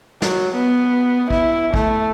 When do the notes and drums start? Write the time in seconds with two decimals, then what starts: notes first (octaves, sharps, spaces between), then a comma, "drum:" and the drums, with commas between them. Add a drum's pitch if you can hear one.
0.22 F#3, drum: snare
0.55 B3
1.30 E4, drum: kick
1.74 A3, drum: kick